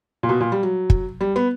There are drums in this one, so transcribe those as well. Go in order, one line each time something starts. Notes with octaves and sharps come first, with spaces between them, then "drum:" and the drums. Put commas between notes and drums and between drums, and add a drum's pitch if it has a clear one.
A#2
B2
A#2
G3
F#3
drum: kick
G3
B3